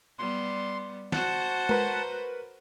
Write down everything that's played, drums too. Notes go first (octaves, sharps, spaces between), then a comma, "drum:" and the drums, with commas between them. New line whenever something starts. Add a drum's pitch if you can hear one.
G3 B3 C6
F#4 C5 F#5 A5, drum: snare
A#4 B4, drum: tom G#3